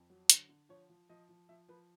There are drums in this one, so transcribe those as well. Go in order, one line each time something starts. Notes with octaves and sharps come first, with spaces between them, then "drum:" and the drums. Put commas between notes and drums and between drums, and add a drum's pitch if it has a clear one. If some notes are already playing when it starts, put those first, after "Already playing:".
Already playing: F2
F#3
D3, drum: hi-hat
D3
F3 C#5
F3
F3 D#5
F3
F3 E5
F3 B4